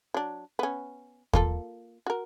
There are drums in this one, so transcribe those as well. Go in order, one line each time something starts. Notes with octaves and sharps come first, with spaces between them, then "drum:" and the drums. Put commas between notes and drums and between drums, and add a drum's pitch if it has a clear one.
F#3 D4
B3 C#4
A#3 F4 A4, drum: kick
F#4 A#4